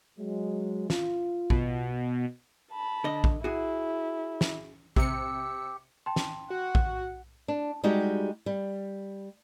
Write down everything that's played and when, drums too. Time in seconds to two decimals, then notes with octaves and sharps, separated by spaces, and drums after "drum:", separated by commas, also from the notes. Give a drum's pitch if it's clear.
0.19 F#3 G#3
0.90 F4, drum: snare
1.50 B2, drum: kick A#1
2.71 A5 B5
3.04 D3 D#5
3.24 drum: kick A#1
3.44 E4 F#4 G#4
4.41 drum: snare
4.96 C3 G4 E6 C#7, drum: kick A#1
6.06 G5 A5 C6
6.16 drum: snare
6.50 F#4 F#5
6.75 drum: kick A#1
7.48 D4
7.84 G3 G#3 D#4 F#4 G4
8.46 G3